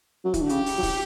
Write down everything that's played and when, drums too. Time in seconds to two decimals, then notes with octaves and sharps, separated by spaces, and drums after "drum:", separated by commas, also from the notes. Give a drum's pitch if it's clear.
0.25 F#3
0.34 E3, drum: kick, hi-hat
0.41 D3
0.49 C#3 G4, drum: hi-hat
0.66 drum: open hi-hat
0.78 F#3
0.83 E3, drum: kick, open hi-hat